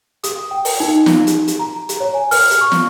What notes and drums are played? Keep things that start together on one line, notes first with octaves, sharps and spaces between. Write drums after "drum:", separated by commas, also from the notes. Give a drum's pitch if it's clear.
D#6, drum: hi-hat
G5
drum: open hi-hat
D#4
drum: snare
drum: hi-hat
drum: hi-hat
A#5
drum: hi-hat
C#5
G#5
F6, drum: open hi-hat
drum: hi-hat
C#6
drum: snare